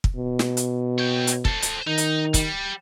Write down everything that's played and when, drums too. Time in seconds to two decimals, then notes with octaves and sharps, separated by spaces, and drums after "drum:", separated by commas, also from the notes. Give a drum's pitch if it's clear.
0.04 drum: kick
0.16 B2
0.39 drum: snare
0.57 drum: hi-hat
0.98 C#5 G5
1.27 drum: hi-hat
1.45 A4 C5, drum: kick
1.62 drum: hi-hat
1.87 D#3 D#4
1.98 drum: hi-hat
2.34 G3, drum: kick, hi-hat